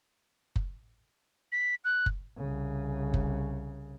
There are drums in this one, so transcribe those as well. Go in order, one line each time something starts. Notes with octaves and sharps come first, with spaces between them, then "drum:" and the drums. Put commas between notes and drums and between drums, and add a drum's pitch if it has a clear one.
drum: kick F#1
B6
F#6
drum: kick F#1
C2 C#3
drum: kick F#1